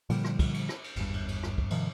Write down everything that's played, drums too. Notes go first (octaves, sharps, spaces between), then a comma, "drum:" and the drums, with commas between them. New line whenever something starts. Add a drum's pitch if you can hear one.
A#2 D3 F3 G3, drum: cymbal
drum: rim click
drum: kick, cymbal
drum: cymbal
drum: rim click
drum: cymbal
G#1 E2 G2, drum: cymbal
drum: cymbal
drum: cymbal
drum: rim click
drum: kick
G#2 C3 D#3 F3, drum: cymbal